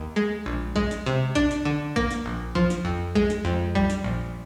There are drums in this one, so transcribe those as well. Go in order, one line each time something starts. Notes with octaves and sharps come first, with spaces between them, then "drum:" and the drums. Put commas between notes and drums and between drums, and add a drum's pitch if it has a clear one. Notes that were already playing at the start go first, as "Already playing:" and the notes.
Already playing: D#2
G#3
A#1
G#3, drum: kick A1
drum: snare
C3
D4, drum: kick A1
drum: snare
D3
A#3, drum: kick A1
drum: snare
A#1
F3, drum: kick A1
drum: snare
F2
G#3, drum: kick A1
drum: snare
F2
G3, drum: kick A1
drum: snare
A#1